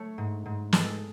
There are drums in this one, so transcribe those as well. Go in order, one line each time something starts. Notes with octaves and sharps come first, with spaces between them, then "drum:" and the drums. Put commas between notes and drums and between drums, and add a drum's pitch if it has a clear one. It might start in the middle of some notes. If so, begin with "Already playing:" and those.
Already playing: A3 C#5
G#2
G#2
G#3 A4, drum: snare